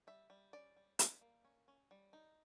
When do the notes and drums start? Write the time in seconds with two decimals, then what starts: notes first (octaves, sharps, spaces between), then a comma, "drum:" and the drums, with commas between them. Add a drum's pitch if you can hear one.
0.07 G3 E5
0.30 G3
0.53 C#4 D5
0.76 G3
0.99 G3, drum: hi-hat
1.21 A#3
1.45 C#4
1.68 C#4
1.91 G3
2.13 D#4